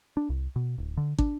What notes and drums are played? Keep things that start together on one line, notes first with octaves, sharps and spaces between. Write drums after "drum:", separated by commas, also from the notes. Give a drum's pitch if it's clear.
D4
C2
B2
D1
D3
D4, drum: kick